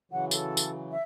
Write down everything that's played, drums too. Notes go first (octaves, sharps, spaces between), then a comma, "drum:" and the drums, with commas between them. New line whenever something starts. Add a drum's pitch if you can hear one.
C#3 E3 F#3 F#5
A4, drum: tambourine
drum: tambourine
E5